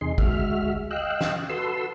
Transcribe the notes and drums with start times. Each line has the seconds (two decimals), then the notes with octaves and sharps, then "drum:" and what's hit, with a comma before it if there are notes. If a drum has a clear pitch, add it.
0.01 E2 C3 D#4 G#4 C6
0.18 D2 G#3 F#4 E5 F6, drum: kick
0.91 D#5 F5 G5 E6 F#6
1.21 drum: snare
1.50 F#4 A4 B4 C6 E6